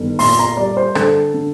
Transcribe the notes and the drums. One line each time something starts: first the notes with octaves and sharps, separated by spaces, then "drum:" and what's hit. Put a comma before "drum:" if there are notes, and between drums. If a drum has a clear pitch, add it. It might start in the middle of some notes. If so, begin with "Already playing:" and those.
Already playing: G1 D#3
A#2 C6, drum: open hi-hat
A#5
G3 D5
C5
D3 A4, drum: rim click
D3